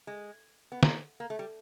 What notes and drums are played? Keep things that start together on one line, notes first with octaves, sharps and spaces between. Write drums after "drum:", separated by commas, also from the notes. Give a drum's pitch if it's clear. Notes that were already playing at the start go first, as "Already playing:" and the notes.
G#3
B3
A#3, drum: snare
A#3
A3
G3